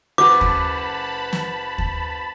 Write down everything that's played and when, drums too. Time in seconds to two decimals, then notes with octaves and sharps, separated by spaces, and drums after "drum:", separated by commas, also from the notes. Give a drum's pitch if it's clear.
0.18 F#1 F#4 B4 A5 B5 D6
0.41 drum: kick D#2
1.33 drum: snare
1.78 drum: kick D#2